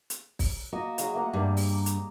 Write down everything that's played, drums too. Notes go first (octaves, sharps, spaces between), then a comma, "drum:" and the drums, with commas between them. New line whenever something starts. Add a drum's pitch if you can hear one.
drum: hi-hat
drum: kick, open hi-hat
A#3 F#4 D#5
F#3 G#3 F5, drum: hi-hat
A3 A#3 F#5
G2 A#3 G4
drum: open hi-hat
drum: hi-hat